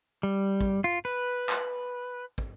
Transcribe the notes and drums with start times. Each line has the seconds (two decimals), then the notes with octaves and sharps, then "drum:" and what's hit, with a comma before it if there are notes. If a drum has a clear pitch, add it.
0.23 G3
0.61 drum: kick
0.84 F4
1.05 B4
1.49 drum: clap
2.38 drum: kick